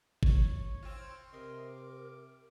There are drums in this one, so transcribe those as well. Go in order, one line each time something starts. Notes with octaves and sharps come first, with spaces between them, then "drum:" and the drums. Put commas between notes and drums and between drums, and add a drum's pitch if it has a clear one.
C#5, drum: kick G1
C4 F4
C3 A#4 D#5 C6
D6